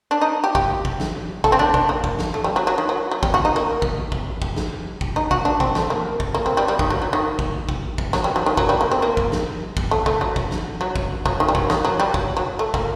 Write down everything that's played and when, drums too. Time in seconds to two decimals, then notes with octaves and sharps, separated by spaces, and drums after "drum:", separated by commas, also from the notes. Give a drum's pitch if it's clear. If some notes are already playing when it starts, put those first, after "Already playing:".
0.11 D4
0.21 D#4
0.44 G4
0.55 G4, drum: kick
0.85 drum: kick
1.00 drum: snare
1.44 A4, drum: kick
1.52 C4
1.59 D4
1.74 D4, drum: kick
1.89 A#3
2.04 drum: kick
2.19 drum: snare
2.34 A3
2.44 G3
2.56 F#3
2.67 F#3
2.78 D#3
2.89 F#3
3.11 F#3
3.23 G3, drum: kick
3.34 F#4
3.45 D#4
3.56 A#3
3.82 drum: kick
4.12 drum: kick
4.42 drum: kick
4.56 drum: snare
5.01 drum: kick
5.16 D#4
5.31 F#4, drum: kick
5.45 D4
5.60 C4, drum: kick
5.75 A3, drum: snare
5.90 A#3
6.20 drum: kick
6.34 A#3
6.46 C4
6.57 G3
6.68 G3
6.79 D#3, drum: kick
6.90 F#3
7.02 F#3
7.13 D#3
7.39 drum: kick
7.69 drum: kick
7.98 drum: kick
8.13 F#3, drum: snare
8.24 G3
8.36 F#3
8.46 D#3
8.57 F#3, drum: kick
8.69 G3
8.81 A#3
8.91 C4
9.02 A#3
9.17 drum: kick
9.32 drum: snare
9.77 drum: kick
9.91 A3
10.06 A3, drum: kick
10.21 F#3
10.36 drum: kick
10.51 drum: snare
10.81 F#3
10.96 drum: kick
11.26 F#3, drum: kick
11.40 D#3
11.48 G3
11.55 F#3, drum: kick
11.70 D#3, drum: snare
11.85 F#3
12.00 G3
12.14 F#3, drum: kick
12.37 F#3
12.59 A3
12.74 A#3, drum: kick